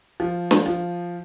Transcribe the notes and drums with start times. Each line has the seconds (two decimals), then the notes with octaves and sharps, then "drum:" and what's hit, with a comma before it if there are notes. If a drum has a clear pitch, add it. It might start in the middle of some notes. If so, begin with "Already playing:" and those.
0.20 F3
0.51 drum: snare
0.66 F3